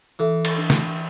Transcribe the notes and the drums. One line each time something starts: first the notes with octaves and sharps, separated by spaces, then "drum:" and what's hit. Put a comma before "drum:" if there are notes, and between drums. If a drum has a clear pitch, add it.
E3 A4
drum: cymbal
D4
drum: snare